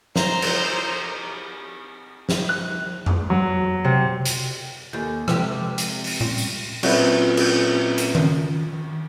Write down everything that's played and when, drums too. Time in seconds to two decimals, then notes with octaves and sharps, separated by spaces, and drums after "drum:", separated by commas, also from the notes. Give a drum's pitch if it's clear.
0.16 C5 A#5, drum: snare
0.42 drum: cymbal
2.29 drum: snare
2.49 F#6
3.06 drum: tom F2
3.30 F#3
3.84 C3
4.25 drum: hi-hat
4.93 D#2 G4 A4 G#5
5.28 C3 F3 G#3 C4 G4 A4, drum: rim click
5.78 drum: hi-hat
6.04 drum: open hi-hat
6.21 A#2 G3 C4 C#4
6.38 drum: tambourine
6.83 A#2 F#3 C4 C#4 F4 B4 E5, drum: cymbal
7.37 drum: cymbal
7.98 drum: hi-hat
8.15 drum: tom D#3